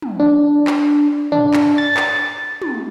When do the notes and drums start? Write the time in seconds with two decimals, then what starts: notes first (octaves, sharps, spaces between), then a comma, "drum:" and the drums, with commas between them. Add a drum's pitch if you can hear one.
0.02 drum: tom
0.20 D4
0.67 drum: clap
1.32 D4, drum: tom
1.54 drum: clap
1.78 A6
1.97 drum: clap
2.62 drum: tom